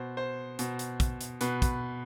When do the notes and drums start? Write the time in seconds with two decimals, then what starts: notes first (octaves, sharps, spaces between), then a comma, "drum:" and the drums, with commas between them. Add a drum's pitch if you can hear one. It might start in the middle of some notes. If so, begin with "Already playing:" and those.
Already playing: B2 C5
0.17 C5
0.59 B2, drum: hi-hat
0.79 drum: hi-hat
1.00 drum: kick, hi-hat
1.21 drum: hi-hat
1.41 B2 B4, drum: hi-hat
1.62 drum: kick, hi-hat